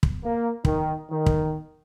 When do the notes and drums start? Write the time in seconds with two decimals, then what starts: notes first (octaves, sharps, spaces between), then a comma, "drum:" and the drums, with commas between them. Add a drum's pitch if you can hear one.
0.03 drum: kick
0.24 A#3
0.65 D#3, drum: kick
1.11 D#3
1.26 drum: kick